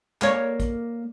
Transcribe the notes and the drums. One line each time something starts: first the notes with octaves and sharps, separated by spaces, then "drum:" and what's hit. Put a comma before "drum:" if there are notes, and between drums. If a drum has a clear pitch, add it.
A#3 C#5, drum: clap
drum: kick, hi-hat